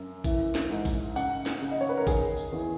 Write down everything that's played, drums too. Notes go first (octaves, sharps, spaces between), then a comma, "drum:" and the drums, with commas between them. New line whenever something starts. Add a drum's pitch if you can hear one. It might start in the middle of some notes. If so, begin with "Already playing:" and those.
Already playing: F#2
E3, drum: kick A1, tambourine
drum: snare
G#2
drum: kick A1, tambourine
C#3 F#5, drum: tambourine
drum: snare
C#3
D#5
C#5
B4
A#4
D#3 G#4, drum: kick A1, tambourine
drum: tambourine
E2